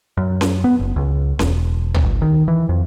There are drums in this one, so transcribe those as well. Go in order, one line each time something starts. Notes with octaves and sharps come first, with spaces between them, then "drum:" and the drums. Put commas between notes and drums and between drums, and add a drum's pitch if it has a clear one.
F#2
drum: snare C#4
B3
F#1
C#2
E1, drum: snare C#4
drum: tom
G1
D#3
E3
F2